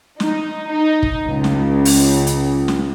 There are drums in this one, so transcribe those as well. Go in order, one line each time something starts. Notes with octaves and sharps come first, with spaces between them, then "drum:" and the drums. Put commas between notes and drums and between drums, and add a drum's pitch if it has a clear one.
D#4, drum: snare
D#4
drum: kick
C#2
drum: snare
drum: open hi-hat
drum: hi-hat
drum: snare